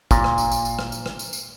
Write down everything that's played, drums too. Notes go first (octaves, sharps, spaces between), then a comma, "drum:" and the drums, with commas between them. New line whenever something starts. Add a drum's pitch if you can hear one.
A#2, drum: kick, tambourine
drum: rim click
drum: tambourine
drum: tambourine
drum: tambourine
drum: rim click
drum: tambourine
drum: rim click
drum: tambourine
drum: tambourine